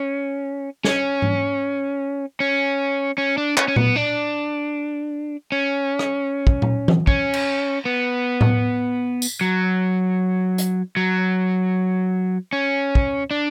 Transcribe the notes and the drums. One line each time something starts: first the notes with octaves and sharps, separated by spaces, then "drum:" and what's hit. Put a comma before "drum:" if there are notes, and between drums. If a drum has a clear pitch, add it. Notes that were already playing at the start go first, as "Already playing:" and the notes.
Already playing: C#4
C#4, drum: snare
drum: tom G#2
C#4
C#4
D4
C#4, drum: clap
C#4
B3, drum: tom A#2
D4
C#4
drum: rim click
drum: kick
drum: tom A#2
drum: tom E3
C#4, drum: kick
drum: cymbal
B3
drum: tom A2
drum: tambourine
F#3
drum: hi-hat
F#3
C#4
drum: kick
D4